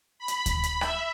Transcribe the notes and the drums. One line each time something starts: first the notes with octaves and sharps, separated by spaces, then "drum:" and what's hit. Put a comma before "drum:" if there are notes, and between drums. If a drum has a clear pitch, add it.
B5
drum: hi-hat
drum: kick D2, hi-hat
drum: hi-hat
E5, drum: rim click